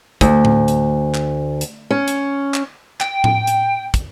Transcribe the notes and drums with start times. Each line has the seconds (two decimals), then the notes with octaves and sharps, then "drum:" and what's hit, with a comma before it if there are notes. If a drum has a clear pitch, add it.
0.21 D2, drum: kick, hi-hat
0.45 drum: tom A2
0.68 drum: hi-hat
1.15 drum: clap
1.61 drum: hi-hat
1.90 C#4
2.08 drum: hi-hat
2.54 drum: clap
3.01 G5, drum: clap
3.24 drum: tom A2
3.47 drum: hi-hat
3.94 drum: kick, hi-hat